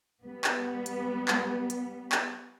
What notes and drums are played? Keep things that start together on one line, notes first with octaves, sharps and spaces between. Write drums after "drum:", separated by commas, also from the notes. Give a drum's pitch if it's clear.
G3 B3
drum: clap
drum: hi-hat
drum: clap
drum: hi-hat
drum: clap